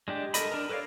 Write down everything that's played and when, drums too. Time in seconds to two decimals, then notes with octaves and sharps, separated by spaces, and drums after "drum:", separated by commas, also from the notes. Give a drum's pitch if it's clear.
0.08 G#3 D4 G4
0.34 A4 A#4 D#5 B5, drum: hi-hat
0.52 D4 A#4
0.69 A4 B4 C#5 D5 F5